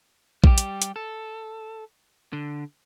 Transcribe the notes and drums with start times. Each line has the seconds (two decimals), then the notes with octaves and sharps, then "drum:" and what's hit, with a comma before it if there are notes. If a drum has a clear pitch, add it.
0.44 G3 G4, drum: kick A#1
0.58 drum: hi-hat
0.82 drum: hi-hat
0.96 A4
2.33 D3